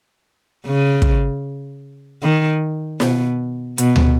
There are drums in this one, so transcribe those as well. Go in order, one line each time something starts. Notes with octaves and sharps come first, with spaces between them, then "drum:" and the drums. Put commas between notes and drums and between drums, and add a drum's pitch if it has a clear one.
C#3
drum: kick
D#3
B2, drum: snare
B2, drum: hi-hat
drum: tom D2